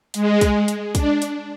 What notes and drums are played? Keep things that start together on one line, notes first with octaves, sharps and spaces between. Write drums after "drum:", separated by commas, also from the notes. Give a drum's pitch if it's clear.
G#3, drum: hi-hat
drum: kick, hi-hat
drum: hi-hat
D4, drum: kick, hi-hat
drum: hi-hat